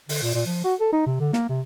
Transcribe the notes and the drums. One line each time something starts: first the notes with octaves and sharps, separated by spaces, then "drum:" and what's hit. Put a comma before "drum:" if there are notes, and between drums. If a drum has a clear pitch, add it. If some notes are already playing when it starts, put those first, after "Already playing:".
D3, drum: open hi-hat
A#2
A#2
F3
F#4
A4
D#4
C3
D3
A#3, drum: snare
C3